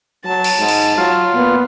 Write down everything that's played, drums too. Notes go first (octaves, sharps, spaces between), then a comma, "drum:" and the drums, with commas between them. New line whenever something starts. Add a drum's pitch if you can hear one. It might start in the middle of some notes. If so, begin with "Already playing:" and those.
F#3 A5
drum: cymbal
G#2
drum: cymbal
F#3 F4
A#2 B3